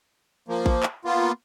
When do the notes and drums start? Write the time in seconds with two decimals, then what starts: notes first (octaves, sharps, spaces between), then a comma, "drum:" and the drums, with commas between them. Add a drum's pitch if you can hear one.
0.48 F3 A#3
0.66 drum: kick A1
0.83 drum: clap
1.05 A#3 B3 F4